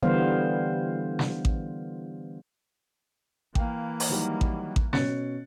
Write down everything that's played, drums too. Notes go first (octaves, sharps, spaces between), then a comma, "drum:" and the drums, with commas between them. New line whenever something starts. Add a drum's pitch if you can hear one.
D3 E3 G3 B3 C5 F5
drum: snare
drum: kick A1
E3 A#3 F5 G5, drum: kick A1
drum: open hi-hat
D#3 F#3 G3
drum: kick A1
drum: kick A1
B2 C#4 F#6 A6 C#7, drum: snare